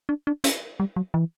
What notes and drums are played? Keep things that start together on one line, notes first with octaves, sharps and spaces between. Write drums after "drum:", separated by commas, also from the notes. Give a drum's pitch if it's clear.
D4
D4
C#4, drum: hi-hat
G3
F#3
E3